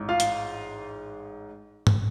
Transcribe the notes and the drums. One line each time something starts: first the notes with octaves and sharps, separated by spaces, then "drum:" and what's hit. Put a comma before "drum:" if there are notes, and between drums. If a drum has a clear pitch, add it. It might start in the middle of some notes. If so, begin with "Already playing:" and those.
Already playing: A1 G#2
F4 F5
drum: hi-hat
drum: tom G#2